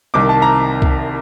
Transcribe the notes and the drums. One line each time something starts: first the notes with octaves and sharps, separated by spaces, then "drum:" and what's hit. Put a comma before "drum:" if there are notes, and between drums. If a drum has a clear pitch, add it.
C2 C3 D#3 D6
A5
A#5
drum: kick